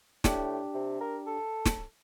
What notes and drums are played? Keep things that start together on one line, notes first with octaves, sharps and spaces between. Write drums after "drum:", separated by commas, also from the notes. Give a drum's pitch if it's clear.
A2 D4 G4, drum: snare
C3
A#4
A4
drum: snare